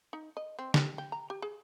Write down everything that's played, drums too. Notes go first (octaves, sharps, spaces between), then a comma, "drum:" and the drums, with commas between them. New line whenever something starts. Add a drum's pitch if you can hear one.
D#4
D#5
C4
G4, drum: snare
G5
A#5
G4
G#4